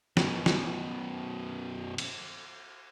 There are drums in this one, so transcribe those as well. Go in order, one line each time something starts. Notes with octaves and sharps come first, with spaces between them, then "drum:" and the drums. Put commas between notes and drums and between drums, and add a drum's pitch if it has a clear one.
F#2 B2, drum: snare
drum: snare
drum: cymbal